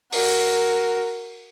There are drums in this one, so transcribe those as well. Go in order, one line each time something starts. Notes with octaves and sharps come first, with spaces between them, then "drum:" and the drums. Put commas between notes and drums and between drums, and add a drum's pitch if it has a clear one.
F#4 A#4, drum: open hi-hat